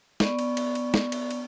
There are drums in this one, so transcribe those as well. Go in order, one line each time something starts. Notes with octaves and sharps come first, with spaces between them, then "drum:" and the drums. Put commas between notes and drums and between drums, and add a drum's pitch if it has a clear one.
B3 D5 C#6, drum: snare
drum: cymbal
drum: cymbal
drum: cymbal
drum: snare
drum: cymbal
drum: cymbal